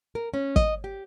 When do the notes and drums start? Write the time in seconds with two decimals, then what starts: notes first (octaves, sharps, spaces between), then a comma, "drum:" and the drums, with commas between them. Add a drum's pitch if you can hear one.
0.15 A#4
0.34 C#4
0.56 D#5, drum: kick
0.84 G4